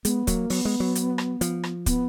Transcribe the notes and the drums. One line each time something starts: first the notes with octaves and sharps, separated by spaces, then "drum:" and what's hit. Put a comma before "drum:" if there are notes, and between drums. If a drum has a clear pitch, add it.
G#3 B3, drum: hi-hat
F#3 A#3, drum: kick, hi-hat
F#3 B3, drum: open hi-hat
G#3
F#3
drum: hi-hat
drum: rim click
F3, drum: hi-hat
drum: rim click
B3, drum: kick, hi-hat